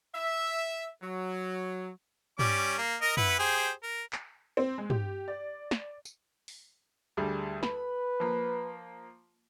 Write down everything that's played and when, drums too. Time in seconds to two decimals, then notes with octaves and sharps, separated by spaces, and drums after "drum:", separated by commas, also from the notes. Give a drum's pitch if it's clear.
0.14 E5
1.02 F#3
2.39 G3 C#4 D6, drum: tom
2.78 A#3
3.01 A#4 D#5
3.17 E4 B4 F#5, drum: tom
3.39 G4 G#4 C5
3.83 A#4
4.13 drum: clap
4.57 C4
4.78 G#3
4.90 G4, drum: tom
5.28 D5
5.71 drum: snare
6.05 drum: tambourine
6.48 drum: open hi-hat
7.17 D2 G3 G#4
7.63 B4 B5, drum: snare
8.20 F3 A#3